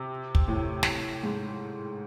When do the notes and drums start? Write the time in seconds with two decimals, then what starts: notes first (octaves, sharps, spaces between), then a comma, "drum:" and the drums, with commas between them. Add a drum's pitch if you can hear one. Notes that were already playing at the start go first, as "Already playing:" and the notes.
Already playing: C3
0.35 drum: kick
0.48 A2
0.83 drum: snare
1.24 G#2